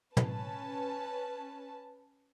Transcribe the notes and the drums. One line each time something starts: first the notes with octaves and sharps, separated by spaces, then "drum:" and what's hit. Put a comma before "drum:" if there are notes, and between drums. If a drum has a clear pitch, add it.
C#4 B4 A5, drum: tom